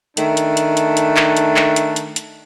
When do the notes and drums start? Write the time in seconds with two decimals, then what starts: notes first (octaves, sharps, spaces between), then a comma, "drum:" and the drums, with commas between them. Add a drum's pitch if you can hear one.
0.17 D#3 A3 D4, drum: hi-hat
0.37 drum: hi-hat
0.57 drum: hi-hat
0.77 drum: hi-hat
0.97 drum: hi-hat
1.17 drum: clap
1.37 drum: hi-hat
1.56 drum: clap
1.76 drum: hi-hat
1.96 drum: hi-hat
2.16 drum: hi-hat